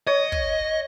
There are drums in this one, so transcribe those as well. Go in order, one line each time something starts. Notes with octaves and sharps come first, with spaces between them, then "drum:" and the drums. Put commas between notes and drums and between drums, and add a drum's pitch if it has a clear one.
C#5 D#5
drum: kick